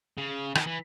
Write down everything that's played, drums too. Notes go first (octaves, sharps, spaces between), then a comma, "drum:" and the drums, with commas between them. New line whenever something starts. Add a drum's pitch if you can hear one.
C#3
D#3, drum: rim click
E3